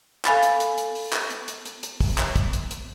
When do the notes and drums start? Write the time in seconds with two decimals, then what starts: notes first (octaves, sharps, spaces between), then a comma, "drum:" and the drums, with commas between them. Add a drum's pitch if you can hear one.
0.25 A4 F5 G#5 B5 A6, drum: clap
0.43 drum: hi-hat
0.60 drum: hi-hat
0.78 drum: hi-hat
0.95 drum: open hi-hat
1.13 drum: clap
1.30 drum: hi-hat
1.48 drum: hi-hat
1.65 drum: hi-hat
1.83 drum: hi-hat
2.01 drum: kick, open hi-hat
2.18 drum: clap
2.36 drum: kick, hi-hat
2.53 drum: hi-hat
2.71 drum: hi-hat